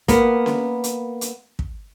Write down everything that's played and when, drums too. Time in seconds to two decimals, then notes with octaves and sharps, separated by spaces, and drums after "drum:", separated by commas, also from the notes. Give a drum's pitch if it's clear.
0.08 A#3 B3, drum: kick, hi-hat
0.46 drum: snare C#4
0.84 drum: hi-hat
1.21 drum: hi-hat
1.59 drum: kick